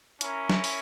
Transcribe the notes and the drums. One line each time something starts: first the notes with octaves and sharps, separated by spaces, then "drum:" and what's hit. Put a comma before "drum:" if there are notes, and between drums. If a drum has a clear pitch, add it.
C#4 E4 A#4, drum: hi-hat
drum: snare
drum: open hi-hat